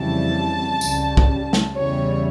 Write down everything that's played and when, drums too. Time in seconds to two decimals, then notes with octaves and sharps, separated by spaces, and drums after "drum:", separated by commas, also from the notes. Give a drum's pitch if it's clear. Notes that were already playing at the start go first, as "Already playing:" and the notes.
Already playing: F2 C#3 E3 G3 A5
0.81 C#2 C#3 G3, drum: tambourine
1.17 drum: kick
1.53 drum: snare
1.75 E2 C#3 E3 G3 C#5